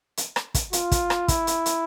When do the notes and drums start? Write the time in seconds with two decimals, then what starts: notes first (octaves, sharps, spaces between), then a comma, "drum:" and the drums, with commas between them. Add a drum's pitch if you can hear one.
0.17 drum: hi-hat
0.36 drum: rim click
0.54 drum: kick, hi-hat
0.73 F4, drum: hi-hat
0.92 drum: kick, hi-hat
1.10 drum: rim click
1.28 E4, drum: kick, hi-hat
1.47 drum: hi-hat
1.66 drum: hi-hat